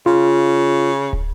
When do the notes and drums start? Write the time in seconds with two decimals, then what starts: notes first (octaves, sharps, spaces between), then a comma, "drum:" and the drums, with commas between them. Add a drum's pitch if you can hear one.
0.06 C#3 F4
1.13 drum: kick